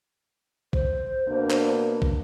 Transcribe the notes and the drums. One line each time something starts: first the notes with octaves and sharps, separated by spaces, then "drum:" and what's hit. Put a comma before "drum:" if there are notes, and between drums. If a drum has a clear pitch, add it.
C5, drum: kick
B2 A#3 D4
drum: clap
drum: kick